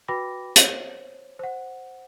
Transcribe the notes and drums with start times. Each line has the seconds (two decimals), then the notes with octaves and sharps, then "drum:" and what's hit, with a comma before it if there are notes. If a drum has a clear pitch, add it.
0.08 F#4 B4 G5 B5 D6 A#6
0.56 C5 C#5, drum: hi-hat
1.39 C5 F#5